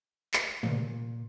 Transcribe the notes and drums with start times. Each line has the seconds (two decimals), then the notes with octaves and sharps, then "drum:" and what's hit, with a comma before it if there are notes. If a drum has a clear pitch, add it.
0.34 drum: clap
0.63 A#2, drum: tom